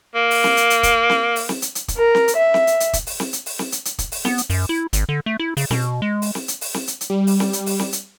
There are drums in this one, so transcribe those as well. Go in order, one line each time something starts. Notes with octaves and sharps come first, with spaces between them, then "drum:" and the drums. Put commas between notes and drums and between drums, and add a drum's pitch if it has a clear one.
A#3
drum: open hi-hat
drum: snare C4
drum: hi-hat
drum: hi-hat
drum: kick, hi-hat
drum: snare C4
drum: open hi-hat
drum: snare C4
drum: hi-hat
drum: hi-hat
drum: kick, hi-hat
A#4
drum: snare C4
drum: hi-hat
E5
drum: snare C4
drum: hi-hat
drum: hi-hat
drum: kick, hi-hat
drum: open hi-hat
drum: snare C4
drum: hi-hat
drum: open hi-hat
drum: snare C4
drum: hi-hat
drum: hi-hat
drum: kick, hi-hat
drum: open hi-hat
B3, drum: snare C4
drum: hi-hat
F#2, drum: open hi-hat
E4
G#1, drum: hi-hat
D3
A3
E4
C#3, drum: open hi-hat
B2, drum: snare C4
G#3
drum: open hi-hat
drum: snare C4
drum: hi-hat
drum: open hi-hat
drum: snare C4
drum: hi-hat
drum: hi-hat
G3
drum: open hi-hat
drum: snare C4
drum: hi-hat
drum: open hi-hat
drum: snare C4
drum: hi-hat